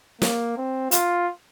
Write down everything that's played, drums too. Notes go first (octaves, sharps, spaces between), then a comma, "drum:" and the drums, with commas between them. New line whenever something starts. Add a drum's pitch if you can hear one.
A#3, drum: snare
C4
F4, drum: hi-hat